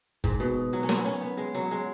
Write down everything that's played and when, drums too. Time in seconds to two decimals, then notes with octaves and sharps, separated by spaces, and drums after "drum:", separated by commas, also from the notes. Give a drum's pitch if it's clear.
0.24 G#2, drum: kick F#1
0.40 B2
0.73 F#3
0.83 C#4
0.89 B3, drum: snare
1.06 C#4
1.21 B3
1.37 G#3
1.54 F#3
1.71 G#3